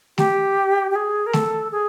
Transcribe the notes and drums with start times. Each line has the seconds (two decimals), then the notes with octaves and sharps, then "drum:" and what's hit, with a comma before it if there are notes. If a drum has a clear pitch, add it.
0.18 G4, drum: snare A3
0.91 G4
0.95 G#4
1.26 A#4
1.33 A4, drum: snare A3
1.72 G#4